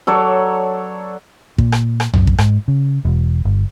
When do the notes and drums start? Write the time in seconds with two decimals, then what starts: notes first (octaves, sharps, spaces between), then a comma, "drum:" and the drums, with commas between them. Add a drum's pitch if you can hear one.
0.07 F#3 A4 C#5 D5
1.58 A#2, drum: kick
1.72 drum: rim click
2.00 drum: rim click
2.14 F#2, drum: tom
2.27 drum: kick
2.38 G#2, drum: rim click
2.68 C#3
3.05 E1
3.45 G1